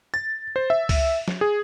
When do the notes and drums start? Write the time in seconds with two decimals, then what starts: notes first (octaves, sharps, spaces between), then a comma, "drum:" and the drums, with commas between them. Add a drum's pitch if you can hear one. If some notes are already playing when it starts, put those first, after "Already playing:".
0.14 A6
0.56 C5
0.70 E5
0.89 drum: kick C#2, open hi-hat
1.28 drum: snare
1.41 G#4